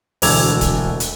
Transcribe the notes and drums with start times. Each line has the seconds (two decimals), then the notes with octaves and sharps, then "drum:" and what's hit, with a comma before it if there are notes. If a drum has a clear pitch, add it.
0.22 E1 D2 D6 E6 G#6 F7, drum: open hi-hat
0.61 drum: kick, hi-hat
1.00 drum: hi-hat